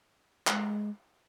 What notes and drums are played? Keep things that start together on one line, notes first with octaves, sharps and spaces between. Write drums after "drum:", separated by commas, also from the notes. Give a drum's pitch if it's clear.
G#3, drum: clap